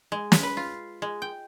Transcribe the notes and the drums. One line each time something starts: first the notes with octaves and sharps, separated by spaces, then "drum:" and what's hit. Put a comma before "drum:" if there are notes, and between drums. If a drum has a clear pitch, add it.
G#3
drum: snare
B4
F4
G#3
G5